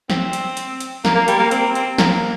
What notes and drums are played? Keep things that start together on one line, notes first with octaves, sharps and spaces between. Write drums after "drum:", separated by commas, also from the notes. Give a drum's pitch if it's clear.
C4, drum: snare
drum: hi-hat
drum: hi-hat
drum: hi-hat
A#3, drum: snare
A#3
G3, drum: hi-hat
A#3
C4, drum: hi-hat
C4, drum: hi-hat
A#3, drum: snare